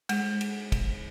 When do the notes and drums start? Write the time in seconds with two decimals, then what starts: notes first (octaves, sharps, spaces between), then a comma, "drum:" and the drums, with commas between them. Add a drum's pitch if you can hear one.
0.09 G#3, drum: cymbal
0.41 drum: cymbal
0.72 drum: kick, cymbal